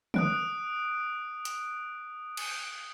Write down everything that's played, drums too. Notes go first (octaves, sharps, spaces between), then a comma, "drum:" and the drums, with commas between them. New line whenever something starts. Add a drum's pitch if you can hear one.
D#6 F#6 D7, drum: tom D3
drum: hi-hat
drum: cymbal